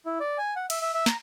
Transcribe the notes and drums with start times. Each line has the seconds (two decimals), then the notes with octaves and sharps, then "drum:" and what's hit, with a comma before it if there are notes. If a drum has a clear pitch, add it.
0.06 E4
0.20 D5
0.38 G#5
0.56 F#5
0.70 E5, drum: cymbal
0.82 E5
0.94 E5
1.06 A#5, drum: snare